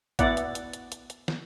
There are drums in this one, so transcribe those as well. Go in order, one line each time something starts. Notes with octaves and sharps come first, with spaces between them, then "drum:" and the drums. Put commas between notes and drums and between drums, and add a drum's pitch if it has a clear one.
B3 E4 D5 F#5, drum: kick, hi-hat
drum: hi-hat
drum: hi-hat
drum: hi-hat
drum: hi-hat
drum: hi-hat
drum: snare